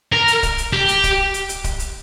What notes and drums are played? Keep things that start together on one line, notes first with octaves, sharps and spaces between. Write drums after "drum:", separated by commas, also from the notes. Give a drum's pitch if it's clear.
A#4
drum: hi-hat
drum: kick, hi-hat
drum: hi-hat
G4
drum: hi-hat
drum: kick, hi-hat
drum: hi-hat
drum: hi-hat
drum: kick, hi-hat
drum: hi-hat